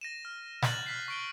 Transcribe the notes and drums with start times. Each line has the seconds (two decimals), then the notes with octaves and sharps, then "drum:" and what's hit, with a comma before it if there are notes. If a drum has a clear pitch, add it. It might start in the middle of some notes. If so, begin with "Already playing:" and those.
0.01 A#6 D#7 E7
0.25 F6
0.63 F#6 G6 A6 F#7, drum: snare
0.86 F6 B6 C7
1.08 C#6 D7 G7